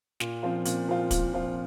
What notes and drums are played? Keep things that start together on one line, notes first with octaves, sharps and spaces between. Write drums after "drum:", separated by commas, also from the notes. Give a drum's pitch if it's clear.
A#2, drum: snare
F3 C4 F4
A#2, drum: hi-hat
F3 C4 F4
A#2, drum: kick, hi-hat
F3 C4 F4